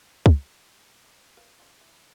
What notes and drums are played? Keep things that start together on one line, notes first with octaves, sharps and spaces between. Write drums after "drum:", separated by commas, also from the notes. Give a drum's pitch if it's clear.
drum: kick
A#4 B4 F5
F3 C#4
E3